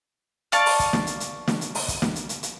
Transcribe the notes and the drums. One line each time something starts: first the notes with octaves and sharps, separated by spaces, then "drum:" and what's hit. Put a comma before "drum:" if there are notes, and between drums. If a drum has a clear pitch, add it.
D5 F5 A5 C#6, drum: hi-hat
drum: open hi-hat
drum: kick, hi-hat
drum: snare
drum: hi-hat
drum: hi-hat
drum: snare
drum: hi-hat
drum: open hi-hat
drum: kick, hi-hat
drum: snare
drum: hi-hat
drum: hi-hat
drum: hi-hat